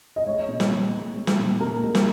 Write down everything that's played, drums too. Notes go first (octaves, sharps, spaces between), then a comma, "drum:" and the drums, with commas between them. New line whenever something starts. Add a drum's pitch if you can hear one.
D#5
G#3 C#5
A#2
drum: snare
A#2
G#3
G#3
drum: snare
A#2
A#2 A#4
G#3
drum: snare